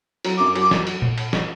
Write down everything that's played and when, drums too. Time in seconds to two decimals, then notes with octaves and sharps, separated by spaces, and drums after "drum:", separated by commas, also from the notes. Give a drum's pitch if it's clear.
0.25 F#3 A#5, drum: cymbal
0.37 F#2 D6
0.55 F#3 D6, drum: cymbal
0.71 drum: snare
0.87 drum: cymbal
1.02 drum: tom A#2
1.18 drum: cymbal
1.33 drum: snare